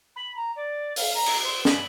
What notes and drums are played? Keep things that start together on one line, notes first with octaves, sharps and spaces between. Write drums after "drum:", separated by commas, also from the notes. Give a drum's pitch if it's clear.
B5
A#5
D5
F5, drum: open hi-hat
A#5
drum: cymbal
C5
B5, drum: snare